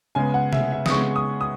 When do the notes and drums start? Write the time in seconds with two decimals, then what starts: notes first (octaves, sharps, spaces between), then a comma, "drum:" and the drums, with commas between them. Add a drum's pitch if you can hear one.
0.15 C#3 G#3 B3 G#5
0.34 F#5
0.53 E5, drum: tom C3
0.72 E5
0.86 D#6, drum: snare
0.90 C#3 G#3 B3 C#6
1.16 D#6
1.41 D#6